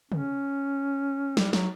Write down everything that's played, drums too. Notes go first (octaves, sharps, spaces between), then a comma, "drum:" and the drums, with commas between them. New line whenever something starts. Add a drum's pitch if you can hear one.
C#4, drum: tom
G3, drum: snare
F#3, drum: snare